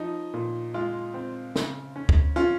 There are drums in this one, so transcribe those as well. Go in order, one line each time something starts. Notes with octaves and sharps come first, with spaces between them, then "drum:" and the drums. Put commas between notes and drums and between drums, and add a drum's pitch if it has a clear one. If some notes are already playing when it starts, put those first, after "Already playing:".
Already playing: F3 D#4
A#2
G#3 F4
C4
C#3, drum: snare
C#4
drum: kick D2
C#4 F4